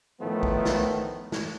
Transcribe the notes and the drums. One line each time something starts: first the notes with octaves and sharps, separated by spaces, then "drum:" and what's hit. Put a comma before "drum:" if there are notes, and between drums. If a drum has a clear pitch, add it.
A2 D#3 F3 A3 B3
drum: kick B1
drum: snare
drum: snare